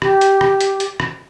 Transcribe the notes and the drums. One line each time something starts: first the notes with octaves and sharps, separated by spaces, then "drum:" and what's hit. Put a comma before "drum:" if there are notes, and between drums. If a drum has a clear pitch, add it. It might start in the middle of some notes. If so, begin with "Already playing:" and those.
G4, drum: rim click
drum: hi-hat
drum: rim click
drum: hi-hat
drum: hi-hat
drum: rim click